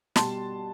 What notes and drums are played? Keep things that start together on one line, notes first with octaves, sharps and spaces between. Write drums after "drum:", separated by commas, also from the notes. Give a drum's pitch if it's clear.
B2 G3 A5 C6, drum: snare